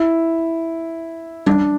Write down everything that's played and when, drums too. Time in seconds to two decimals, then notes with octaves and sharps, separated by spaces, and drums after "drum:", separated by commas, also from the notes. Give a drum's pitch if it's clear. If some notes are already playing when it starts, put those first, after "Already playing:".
Already playing: E4
1.46 D4, drum: tom G3